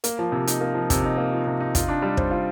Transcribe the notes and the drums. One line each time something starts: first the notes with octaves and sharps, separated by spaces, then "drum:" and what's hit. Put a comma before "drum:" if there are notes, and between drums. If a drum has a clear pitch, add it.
A#3, drum: hi-hat
F3
C3
D#4, drum: hi-hat
A#3
F3
C3, drum: kick, hi-hat
D#4
A#3
F3
C3
D#4
F4, drum: kick, hi-hat
D4
G3
C5, drum: kick
F4